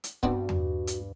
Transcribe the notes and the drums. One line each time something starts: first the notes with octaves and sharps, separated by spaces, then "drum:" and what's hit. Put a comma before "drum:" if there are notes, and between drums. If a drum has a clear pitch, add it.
drum: hi-hat
G2 B3 C4 D4 F#4, drum: kick
drum: tom E2
drum: hi-hat